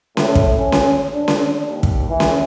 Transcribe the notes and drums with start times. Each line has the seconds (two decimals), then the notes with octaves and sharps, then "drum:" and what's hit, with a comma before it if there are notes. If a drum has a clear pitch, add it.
0.17 A2, drum: snare C#4
0.35 drum: kick
0.58 C#4
0.72 drum: snare C#4
1.15 D4
1.28 drum: snare C#4
1.69 D#2
1.83 drum: kick
2.10 E3
2.20 drum: snare C#4